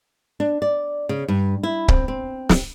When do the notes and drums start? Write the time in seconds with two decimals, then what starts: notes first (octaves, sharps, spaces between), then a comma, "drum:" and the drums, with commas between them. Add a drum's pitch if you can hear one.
0.40 D4
0.62 D5
1.09 C#3
1.28 G2
1.63 E4
1.88 C4, drum: kick C#1
2.08 C4
2.49 drum: snare